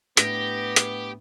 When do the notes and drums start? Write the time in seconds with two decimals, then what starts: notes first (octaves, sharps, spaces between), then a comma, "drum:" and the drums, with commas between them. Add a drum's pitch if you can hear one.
0.17 A2 B3 D4 G4 E5 A#6, drum: hi-hat
0.76 drum: hi-hat